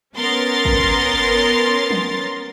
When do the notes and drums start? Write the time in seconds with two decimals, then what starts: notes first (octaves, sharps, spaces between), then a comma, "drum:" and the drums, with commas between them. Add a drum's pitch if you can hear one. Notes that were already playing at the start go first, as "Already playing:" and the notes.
0.15 B3 C#4 A#4 C6 A6
0.65 drum: kick
1.91 drum: tom